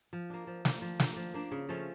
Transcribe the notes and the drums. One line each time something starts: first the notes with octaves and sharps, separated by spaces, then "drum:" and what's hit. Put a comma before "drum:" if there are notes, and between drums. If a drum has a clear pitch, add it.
F3
A#3 D4
F3
A#3 D4, drum: snare
F3
A#3 D4, drum: snare
F3
A#3 D4
C#3
F3 A3 C#4